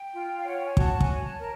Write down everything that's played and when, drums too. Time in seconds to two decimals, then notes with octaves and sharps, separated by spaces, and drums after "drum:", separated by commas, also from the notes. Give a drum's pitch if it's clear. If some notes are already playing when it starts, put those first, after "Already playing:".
Already playing: G5
0.14 F4
0.38 F5
0.46 C#5 F#5
0.57 G5
0.66 G#5
0.77 F#4 A5, drum: kick
1.01 G#5, drum: kick
1.08 C#5
1.24 A5
1.39 A#4